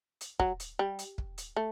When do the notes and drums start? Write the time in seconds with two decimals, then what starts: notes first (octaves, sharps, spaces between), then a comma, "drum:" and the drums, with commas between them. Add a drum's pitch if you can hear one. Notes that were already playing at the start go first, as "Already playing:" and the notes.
0.21 drum: hi-hat
0.40 F#3, drum: kick
0.60 drum: hi-hat
0.79 G3
0.99 drum: hi-hat
1.18 drum: kick
1.38 drum: hi-hat
1.56 A3